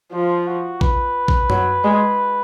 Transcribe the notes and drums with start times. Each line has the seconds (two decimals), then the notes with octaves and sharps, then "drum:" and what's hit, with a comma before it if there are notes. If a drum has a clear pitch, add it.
0.13 F3 F4
0.47 F#4
0.81 B4, drum: kick A#1
1.28 drum: kick A#1
1.50 F#3, drum: tom F#2
1.84 G#3